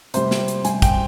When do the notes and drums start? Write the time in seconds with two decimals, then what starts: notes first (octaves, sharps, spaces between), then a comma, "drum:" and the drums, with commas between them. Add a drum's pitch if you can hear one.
0.14 C3 G3 C5, drum: hi-hat
0.31 drum: snare
0.48 drum: hi-hat
0.65 C3 G3 G#5, drum: hi-hat
0.82 G5, drum: kick, hi-hat